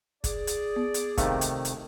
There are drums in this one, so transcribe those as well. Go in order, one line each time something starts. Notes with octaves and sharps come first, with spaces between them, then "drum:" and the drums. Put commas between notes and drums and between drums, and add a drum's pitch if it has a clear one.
G#4 D5, drum: kick, hi-hat
drum: hi-hat
B3
drum: hi-hat
C3 D#3 A3 F5, drum: kick, hi-hat
drum: hi-hat
drum: hi-hat